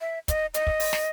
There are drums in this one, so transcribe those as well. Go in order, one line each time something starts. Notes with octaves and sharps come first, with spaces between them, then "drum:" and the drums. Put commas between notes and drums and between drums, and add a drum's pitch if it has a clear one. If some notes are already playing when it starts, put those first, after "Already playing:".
E5
D#5, drum: kick, hi-hat
D#5, drum: hi-hat
drum: kick
drum: open hi-hat
drum: snare